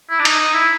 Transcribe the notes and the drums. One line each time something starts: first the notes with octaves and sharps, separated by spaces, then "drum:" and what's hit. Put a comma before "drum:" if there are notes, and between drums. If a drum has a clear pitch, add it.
E4
D4
D#4, drum: cymbal
D#4
E4